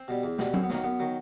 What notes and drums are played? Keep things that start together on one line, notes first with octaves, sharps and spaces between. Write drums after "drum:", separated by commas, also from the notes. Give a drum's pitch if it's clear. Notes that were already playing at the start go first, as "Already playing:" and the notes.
Already playing: C4
B2 G3
E2
B2 G3, drum: snare
F#2 C4, drum: tom F#3
B3
D#3 F#3 A#3, drum: snare
F#2 B3
D#3 F#3